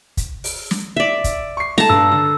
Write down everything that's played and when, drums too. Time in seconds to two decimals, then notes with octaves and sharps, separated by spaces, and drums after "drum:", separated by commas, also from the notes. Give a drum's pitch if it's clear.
0.17 drum: kick, hi-hat
0.44 drum: open hi-hat
0.71 drum: snare
0.96 D5 E5
1.24 drum: kick, hi-hat
1.57 C#6 C7
1.78 A3 A5 A#5, drum: snare
1.90 G2 D4 E6
2.12 D3 E6